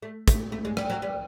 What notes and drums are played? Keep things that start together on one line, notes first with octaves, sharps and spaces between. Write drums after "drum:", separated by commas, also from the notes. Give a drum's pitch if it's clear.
A3
A3, drum: kick, hi-hat
A3
G#3
G3, drum: rim click
F#3
G3